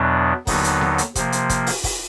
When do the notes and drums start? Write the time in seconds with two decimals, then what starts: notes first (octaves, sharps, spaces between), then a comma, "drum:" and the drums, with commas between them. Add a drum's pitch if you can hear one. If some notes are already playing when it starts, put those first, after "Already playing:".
Already playing: E2 B2 F#3 B3 D4
0.47 D#2 D3 F#3 B3 D#4, drum: kick, open hi-hat
0.64 drum: hi-hat
0.81 drum: snare B3
0.98 drum: hi-hat
1.15 C3 F3 A#3, drum: kick, hi-hat
1.32 drum: hi-hat
1.49 drum: kick, hi-hat
1.67 drum: open hi-hat
1.84 drum: kick, open hi-hat